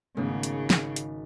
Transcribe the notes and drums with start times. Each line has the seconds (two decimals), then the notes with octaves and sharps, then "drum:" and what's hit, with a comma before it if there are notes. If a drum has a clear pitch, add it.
0.17 G#1 C#3 A3 B3 C#4
0.43 drum: hi-hat
0.70 drum: snare
0.96 drum: hi-hat